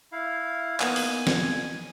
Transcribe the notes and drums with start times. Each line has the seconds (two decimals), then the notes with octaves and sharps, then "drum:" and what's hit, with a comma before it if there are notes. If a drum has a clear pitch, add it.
0.12 E4 F5
0.80 A#3 B3 D#4 G#5, drum: clap
0.96 drum: open hi-hat
1.27 drum: snare